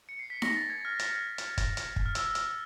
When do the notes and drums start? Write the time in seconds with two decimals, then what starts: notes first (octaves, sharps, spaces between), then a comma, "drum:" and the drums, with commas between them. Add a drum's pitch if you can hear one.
0.09 C#7
0.19 C7
0.30 B6
0.42 A#6, drum: snare D#4
0.56 A6
0.70 G#6
0.85 F6
0.99 drum: hi-hat
1.38 drum: hi-hat
1.58 drum: kick, hi-hat
1.77 drum: hi-hat
1.96 drum: kick
2.06 F6
2.15 E6, drum: hi-hat
2.35 drum: hi-hat